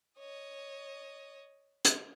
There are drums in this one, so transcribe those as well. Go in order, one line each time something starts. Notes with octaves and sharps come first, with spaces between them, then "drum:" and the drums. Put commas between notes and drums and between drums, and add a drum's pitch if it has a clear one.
C#5 D#5
drum: hi-hat